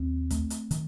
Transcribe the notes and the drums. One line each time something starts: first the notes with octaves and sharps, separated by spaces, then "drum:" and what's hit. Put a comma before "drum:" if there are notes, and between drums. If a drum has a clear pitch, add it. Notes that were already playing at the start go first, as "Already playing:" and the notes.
Already playing: D#2 C4
A3, drum: kick, hi-hat
drum: hi-hat
D#3, drum: hi-hat